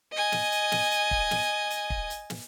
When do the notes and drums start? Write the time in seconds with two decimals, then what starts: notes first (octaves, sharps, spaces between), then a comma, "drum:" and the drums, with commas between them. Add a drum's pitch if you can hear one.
0.12 D#5 G#5
0.32 drum: snare
0.52 drum: hi-hat
0.72 drum: snare
0.91 drum: hi-hat
1.11 drum: kick
1.31 drum: snare
1.70 drum: hi-hat
1.90 drum: kick
2.10 drum: hi-hat
2.30 drum: snare